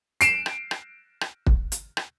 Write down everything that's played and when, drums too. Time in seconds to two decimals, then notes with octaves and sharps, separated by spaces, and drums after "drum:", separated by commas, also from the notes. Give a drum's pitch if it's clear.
0.21 C7 D7 E7, drum: hi-hat
0.46 drum: rim click
0.71 drum: rim click
1.21 drum: rim click
1.46 drum: kick
1.72 drum: hi-hat
1.97 drum: rim click